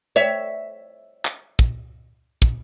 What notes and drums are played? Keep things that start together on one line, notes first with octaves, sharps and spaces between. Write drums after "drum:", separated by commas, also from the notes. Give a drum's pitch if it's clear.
C#5 E5
drum: clap
drum: kick
drum: kick